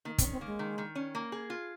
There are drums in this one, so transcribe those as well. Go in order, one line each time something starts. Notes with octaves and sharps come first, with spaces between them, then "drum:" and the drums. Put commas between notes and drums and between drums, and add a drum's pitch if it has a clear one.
D#3 A#3
C4, drum: kick, hi-hat
C#4
C4
G#3 A#3
D#3
D#3
C#4
A#3
G#4
F4